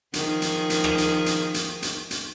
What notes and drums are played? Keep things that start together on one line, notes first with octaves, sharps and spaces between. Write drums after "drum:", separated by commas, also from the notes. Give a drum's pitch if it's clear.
D#3 F3 G#4, drum: hi-hat
drum: hi-hat
drum: hi-hat
drum: rim click
drum: hi-hat
drum: hi-hat
drum: hi-hat
drum: hi-hat
drum: hi-hat